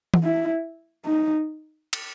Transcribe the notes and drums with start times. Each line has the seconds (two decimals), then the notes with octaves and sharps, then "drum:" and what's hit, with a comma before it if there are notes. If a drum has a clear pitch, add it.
0.14 drum: tom E3
0.24 E4
1.06 D#4
1.93 drum: cymbal